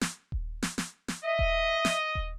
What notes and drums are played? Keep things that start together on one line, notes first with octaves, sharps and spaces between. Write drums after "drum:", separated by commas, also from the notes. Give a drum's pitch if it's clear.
drum: snare
drum: kick D#1
drum: snare
drum: snare
drum: snare
D#5 E5
drum: kick D#1
drum: snare
drum: kick D#1